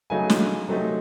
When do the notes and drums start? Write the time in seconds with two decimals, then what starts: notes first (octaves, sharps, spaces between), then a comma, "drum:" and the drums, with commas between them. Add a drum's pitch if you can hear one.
0.10 C#3 F#3 A3 D#4 G#5
0.30 drum: snare
0.68 C3 F#3 A3 C4 D#4